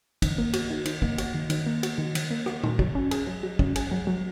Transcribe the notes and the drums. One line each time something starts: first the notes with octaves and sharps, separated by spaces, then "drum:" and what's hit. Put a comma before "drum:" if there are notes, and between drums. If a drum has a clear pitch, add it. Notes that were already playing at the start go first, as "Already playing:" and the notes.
D#3, drum: kick, cymbal
A#3
F#4, drum: cymbal
D#3
D#3, drum: cymbal
A#3, drum: kick
F#4, drum: cymbal
D#3
D#3, drum: cymbal
A#3
F#4, drum: cymbal
D#3
D#3, drum: cymbal
A#3
F#4, drum: rim click
D#3, drum: tom A#2
F#3, drum: kick
C#4
G#4, drum: cymbal
F#3
F#3
C#4, drum: kick
G#4, drum: cymbal
F#3
F#3